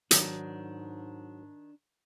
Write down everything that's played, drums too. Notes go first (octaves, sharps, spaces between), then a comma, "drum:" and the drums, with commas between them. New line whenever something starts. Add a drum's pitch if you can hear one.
G#2 D#3 F#3 D4, drum: hi-hat